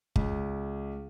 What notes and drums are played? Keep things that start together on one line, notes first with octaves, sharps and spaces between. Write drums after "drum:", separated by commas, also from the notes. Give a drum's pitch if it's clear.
C#2, drum: kick G1